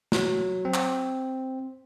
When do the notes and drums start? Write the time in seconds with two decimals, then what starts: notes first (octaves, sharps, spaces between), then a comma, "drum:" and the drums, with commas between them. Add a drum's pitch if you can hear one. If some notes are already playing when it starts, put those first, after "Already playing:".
0.12 F#3, drum: snare
0.65 C4
0.74 drum: clap